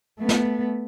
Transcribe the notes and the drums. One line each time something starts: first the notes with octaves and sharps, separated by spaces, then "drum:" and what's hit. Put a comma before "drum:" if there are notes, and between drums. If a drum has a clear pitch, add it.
A3 B3
drum: snare